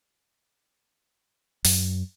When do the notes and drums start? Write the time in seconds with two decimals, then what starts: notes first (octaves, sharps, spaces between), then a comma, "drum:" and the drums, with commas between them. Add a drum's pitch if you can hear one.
1.65 F#2, drum: open hi-hat